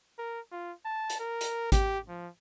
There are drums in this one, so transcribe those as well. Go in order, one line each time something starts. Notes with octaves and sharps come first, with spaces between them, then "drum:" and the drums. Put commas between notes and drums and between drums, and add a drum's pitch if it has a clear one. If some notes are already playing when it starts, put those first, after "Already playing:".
A#4
F4
A5
drum: hi-hat
A#4
drum: hi-hat
G4, drum: kick G#1, hi-hat
F3